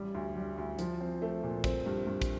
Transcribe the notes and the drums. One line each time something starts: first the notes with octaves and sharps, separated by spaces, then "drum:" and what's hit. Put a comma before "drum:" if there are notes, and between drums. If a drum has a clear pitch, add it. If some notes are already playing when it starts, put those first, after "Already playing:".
Already playing: A1 G3
D2
G3
D2
F3, drum: hi-hat
C4
A3
A#2
C4, drum: kick, hi-hat
G2
G2
drum: kick, hi-hat